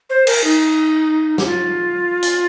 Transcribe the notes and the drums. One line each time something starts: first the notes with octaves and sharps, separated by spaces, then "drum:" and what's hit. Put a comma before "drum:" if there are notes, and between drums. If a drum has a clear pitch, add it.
C5
A#4, drum: cymbal
D#4
G4, drum: snare
F4
drum: hi-hat